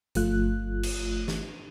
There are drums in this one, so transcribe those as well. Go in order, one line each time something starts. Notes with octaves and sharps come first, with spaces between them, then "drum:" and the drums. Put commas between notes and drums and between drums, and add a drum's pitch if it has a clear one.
G1 F3 A3 F4 F#6, drum: hi-hat
drum: cymbal
drum: snare